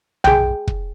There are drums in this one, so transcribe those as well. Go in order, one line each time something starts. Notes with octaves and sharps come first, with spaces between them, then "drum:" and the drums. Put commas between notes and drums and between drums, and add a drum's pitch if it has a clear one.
G#4 G5, drum: tom B1
drum: kick